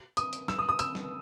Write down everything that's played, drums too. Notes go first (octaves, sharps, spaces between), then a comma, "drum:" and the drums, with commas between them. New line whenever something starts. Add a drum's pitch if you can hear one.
D#6, drum: hi-hat
drum: hi-hat
E6, drum: snare
D#6
D#6
E6, drum: hi-hat
drum: snare